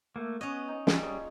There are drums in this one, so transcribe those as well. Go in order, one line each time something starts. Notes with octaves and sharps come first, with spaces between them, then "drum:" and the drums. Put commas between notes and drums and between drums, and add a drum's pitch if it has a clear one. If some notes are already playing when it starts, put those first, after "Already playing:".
A3 A#3
B3 C#4 C#5 D#5
D#4 A#5
G3 A#3 F4 G#4, drum: snare
G#4 C#5